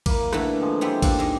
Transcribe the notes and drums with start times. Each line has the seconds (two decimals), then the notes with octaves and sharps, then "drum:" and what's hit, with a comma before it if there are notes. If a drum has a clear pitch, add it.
0.06 A#3 E4, drum: kick A1, cymbal
0.33 D3 E3 A3, drum: rim click
0.61 C3 F3 G#3
0.81 G3 B3 E4 G4 C6
1.02 A#3 D4 A4, drum: kick A1, cymbal
1.19 G#2 G#3